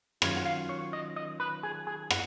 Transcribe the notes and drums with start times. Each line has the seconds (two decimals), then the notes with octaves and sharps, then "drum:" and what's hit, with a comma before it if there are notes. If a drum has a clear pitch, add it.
0.22 D#3 F#3 C#4 F4 C#5, drum: rim click
0.36 F#5
0.45 F5
0.69 C#5
0.93 D#5
1.16 D#5
1.40 B4
1.63 G#4
1.87 G#4
2.10 F#5, drum: rim click